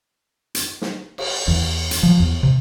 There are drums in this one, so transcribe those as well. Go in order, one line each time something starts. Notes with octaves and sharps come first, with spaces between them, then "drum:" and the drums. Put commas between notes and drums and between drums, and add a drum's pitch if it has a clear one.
drum: hi-hat
drum: snare
drum: cymbal
E2
drum: hi-hat
F3
E2
C3